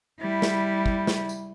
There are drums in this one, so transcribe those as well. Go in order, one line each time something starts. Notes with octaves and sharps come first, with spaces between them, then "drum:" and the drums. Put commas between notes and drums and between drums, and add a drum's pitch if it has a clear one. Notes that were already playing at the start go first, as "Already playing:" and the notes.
G3 E4
drum: snare
drum: kick
drum: snare
drum: tambourine